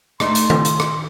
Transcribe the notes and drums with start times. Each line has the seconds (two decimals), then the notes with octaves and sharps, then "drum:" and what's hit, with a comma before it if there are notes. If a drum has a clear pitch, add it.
0.20 A3 D4 D#4 C6, drum: rim click
0.35 drum: hi-hat
0.50 drum: tom D#3
0.65 drum: hi-hat
0.80 drum: rim click